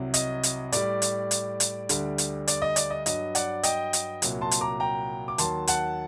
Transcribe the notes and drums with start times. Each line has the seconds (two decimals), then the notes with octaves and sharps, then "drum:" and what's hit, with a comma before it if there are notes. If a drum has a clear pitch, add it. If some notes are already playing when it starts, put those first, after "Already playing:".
Already playing: C2 C3 F#3
0.14 D#5, drum: hi-hat
0.43 drum: hi-hat
0.72 A2 G3 D5, drum: hi-hat
1.02 drum: hi-hat
1.31 drum: hi-hat
1.60 drum: hi-hat
1.89 D2 D3 G3, drum: hi-hat
2.18 drum: hi-hat
2.48 D5, drum: hi-hat
2.62 D#5
2.76 D5, drum: hi-hat
2.91 D#5
3.06 G2 F#3 D#5, drum: hi-hat
3.35 D5 F#5, drum: hi-hat
3.63 D#5 G5, drum: hi-hat
3.93 drum: hi-hat
4.22 C2 A#2 F#3, drum: hi-hat
4.41 A5 C6
4.51 drum: hi-hat
4.61 A#5 D6
4.80 G5 A#5
5.28 D6
5.38 D#2 D#3 F#3 A5 C6, drum: hi-hat
5.67 F#5 A5, drum: hi-hat